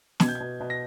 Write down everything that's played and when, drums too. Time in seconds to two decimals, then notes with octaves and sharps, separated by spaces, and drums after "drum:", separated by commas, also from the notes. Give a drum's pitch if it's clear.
0.20 B2 G#6, drum: snare
0.28 G6
0.35 G#6
0.41 B2
0.60 B2
0.70 A#6